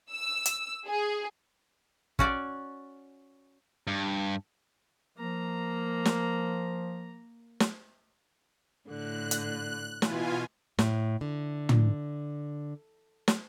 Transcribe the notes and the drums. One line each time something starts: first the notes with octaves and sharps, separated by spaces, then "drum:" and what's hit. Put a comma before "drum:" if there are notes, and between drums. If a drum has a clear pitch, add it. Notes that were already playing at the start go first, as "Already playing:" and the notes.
E6
drum: hi-hat
G#4
C#4 F#4 D5, drum: kick
G2
F3 A#3 A#5
drum: snare
drum: snare
A2 D3 F#6
drum: hi-hat
B2 E3 B3 E4 F4 G#5, drum: snare
A2, drum: snare
D3
drum: tom
drum: snare